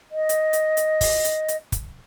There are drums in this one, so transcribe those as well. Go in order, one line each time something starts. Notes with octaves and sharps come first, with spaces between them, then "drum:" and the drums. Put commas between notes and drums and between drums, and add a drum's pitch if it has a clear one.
D#5
drum: hi-hat
drum: hi-hat
drum: hi-hat
drum: kick, open hi-hat
drum: hi-hat
drum: hi-hat
drum: kick, hi-hat